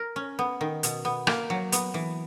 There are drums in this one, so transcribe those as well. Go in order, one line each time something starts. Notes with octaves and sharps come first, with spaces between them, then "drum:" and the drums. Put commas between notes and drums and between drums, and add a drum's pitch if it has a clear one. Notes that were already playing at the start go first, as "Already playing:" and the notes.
Already playing: A#4
C#4
B3
D#3
B2, drum: hi-hat
B3
A#3, drum: rim click
F#3
B3, drum: hi-hat
E3